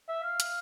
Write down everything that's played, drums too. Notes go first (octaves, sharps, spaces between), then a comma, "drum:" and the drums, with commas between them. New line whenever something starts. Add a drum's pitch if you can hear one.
E5
F5
drum: hi-hat